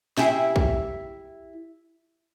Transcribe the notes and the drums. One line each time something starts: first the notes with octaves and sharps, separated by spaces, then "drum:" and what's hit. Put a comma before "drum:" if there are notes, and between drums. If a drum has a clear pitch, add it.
E4 G4 G#4, drum: snare
drum: kick